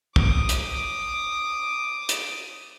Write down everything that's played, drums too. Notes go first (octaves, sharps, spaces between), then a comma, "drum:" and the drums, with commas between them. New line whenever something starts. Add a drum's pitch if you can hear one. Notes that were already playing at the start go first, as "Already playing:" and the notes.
D6 D#6, drum: kick
drum: hi-hat
drum: hi-hat